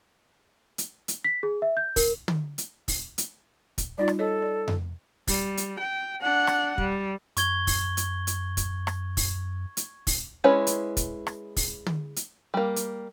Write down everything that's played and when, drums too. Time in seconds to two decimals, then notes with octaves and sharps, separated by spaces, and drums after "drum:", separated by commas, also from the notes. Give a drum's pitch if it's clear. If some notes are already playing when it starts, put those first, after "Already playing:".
0.78 drum: hi-hat
1.08 drum: hi-hat
1.24 B6
1.43 G#4
1.62 E5
1.77 G6
1.96 A#4, drum: kick, open hi-hat
2.28 drum: tom
2.58 drum: hi-hat
2.88 drum: kick, open hi-hat
3.18 drum: hi-hat
3.78 drum: kick, hi-hat
3.98 G3 D#4 F4 D5
4.08 drum: rim click
4.19 A4 C#5 D#5
4.42 D5
4.68 drum: tom F2
5.27 G3, drum: kick, open hi-hat
5.57 drum: hi-hat
5.79 G5
6.21 D4 F#5
6.47 drum: rim click
6.78 G3, drum: kick
7.37 F#2 C#6 G#6 G7, drum: hi-hat
7.67 drum: kick, open hi-hat
7.97 drum: hi-hat
8.27 drum: hi-hat
8.57 drum: kick, hi-hat
8.87 drum: rim click
9.17 drum: kick, open hi-hat
9.77 drum: hi-hat
10.07 drum: kick, open hi-hat
10.44 G#3 C#4 E4 B4 C#5
10.67 drum: hi-hat
10.97 drum: kick, hi-hat
11.27 drum: rim click
11.57 drum: kick, open hi-hat
11.86 drum: tom
12.16 drum: hi-hat
12.54 G3 A#3
12.76 drum: hi-hat